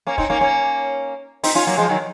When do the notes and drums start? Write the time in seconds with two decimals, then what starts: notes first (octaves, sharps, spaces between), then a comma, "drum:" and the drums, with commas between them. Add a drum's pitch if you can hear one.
0.07 A#3 C#4
0.18 C4 D#4, drum: kick
0.30 A#3 C#4
0.41 A#3 C#4
1.44 C4 D#4, drum: open hi-hat
1.55 C#4 F4
1.67 F#3 A#3
1.78 F3 G#3
1.89 D#3 F#3